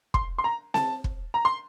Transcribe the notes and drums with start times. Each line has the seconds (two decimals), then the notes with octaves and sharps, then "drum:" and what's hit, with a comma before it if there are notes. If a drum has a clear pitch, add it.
0.14 C6, drum: kick
0.38 C6
0.44 A#5
0.74 A5, drum: snare C4
1.04 drum: kick
1.34 A#5
1.45 C6